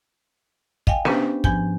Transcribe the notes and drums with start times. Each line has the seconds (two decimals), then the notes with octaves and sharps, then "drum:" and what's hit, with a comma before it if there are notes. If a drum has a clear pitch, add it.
0.87 D#5 F5 G5 G#5, drum: kick
1.05 B3 C#4 D4 G4 B4 C5, drum: snare
1.44 G#2 F3 G#5 G6, drum: kick